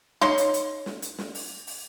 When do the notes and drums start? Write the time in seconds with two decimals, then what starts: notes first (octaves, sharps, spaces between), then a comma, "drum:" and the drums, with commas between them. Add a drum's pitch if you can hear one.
0.21 D#4 C#5 C6, drum: snare
0.38 drum: hi-hat
0.54 drum: hi-hat
0.86 drum: snare
1.02 drum: hi-hat
1.18 drum: snare
1.35 drum: open hi-hat
1.67 drum: open hi-hat